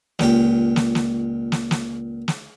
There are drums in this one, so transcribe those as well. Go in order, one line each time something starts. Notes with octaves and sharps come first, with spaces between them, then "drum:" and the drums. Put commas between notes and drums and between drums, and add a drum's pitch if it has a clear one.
C#2 A#2 G4, drum: snare
drum: snare
drum: snare
drum: snare
drum: snare
drum: snare